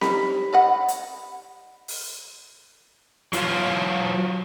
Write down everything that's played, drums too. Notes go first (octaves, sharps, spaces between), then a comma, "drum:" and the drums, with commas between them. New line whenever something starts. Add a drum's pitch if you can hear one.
G3 D#4 G4 B5, drum: snare C4
D5 D#5 F#5
drum: hi-hat
drum: open hi-hat
F#3 F4 C#5 F5, drum: hi-hat